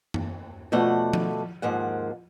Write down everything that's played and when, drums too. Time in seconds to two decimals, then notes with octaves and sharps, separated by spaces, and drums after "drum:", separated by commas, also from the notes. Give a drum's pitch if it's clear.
0.14 drum: tom F#2
0.72 B2 F3 A3 D5 F#5
1.13 drum: tom F3
1.62 D#2 G#2 F3 A#3 F#5